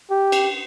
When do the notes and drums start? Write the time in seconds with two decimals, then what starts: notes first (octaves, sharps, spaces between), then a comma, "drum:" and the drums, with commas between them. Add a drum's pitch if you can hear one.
0.11 G4
0.32 drum: cymbal